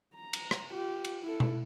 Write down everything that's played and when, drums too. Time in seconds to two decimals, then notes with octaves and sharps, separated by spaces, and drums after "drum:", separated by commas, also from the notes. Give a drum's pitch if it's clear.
0.16 A#5
0.33 drum: cymbal
0.51 drum: rim click
0.73 F4 G4
1.05 drum: cymbal
1.23 E4 A4
1.40 drum: tom B2